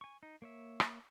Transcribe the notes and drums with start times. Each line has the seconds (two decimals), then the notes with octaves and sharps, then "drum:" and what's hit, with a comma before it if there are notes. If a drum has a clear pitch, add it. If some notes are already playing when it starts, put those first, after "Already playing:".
0.01 G#5 C#6
0.23 D#4
0.42 A#3 C#5 E5
0.80 drum: rim click